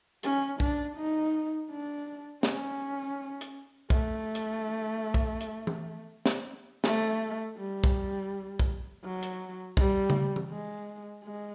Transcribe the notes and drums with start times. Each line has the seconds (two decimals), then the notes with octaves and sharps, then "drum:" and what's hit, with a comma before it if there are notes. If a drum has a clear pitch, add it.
0.23 C#4, drum: hi-hat
0.60 D4, drum: kick
0.97 D#4
1.70 D4
2.43 C#4, drum: snare
3.41 drum: hi-hat
3.90 A3, drum: kick
4.35 drum: hi-hat
5.14 drum: kick
5.41 drum: hi-hat
5.67 drum: tom E3
6.26 drum: snare
6.84 A3, drum: snare
7.57 G3
7.84 drum: kick
8.59 drum: kick
9.04 F#3
9.23 drum: hi-hat
9.77 G3, drum: kick
10.10 drum: tom C#3
10.36 drum: tom E3
10.50 G#3
11.24 G#3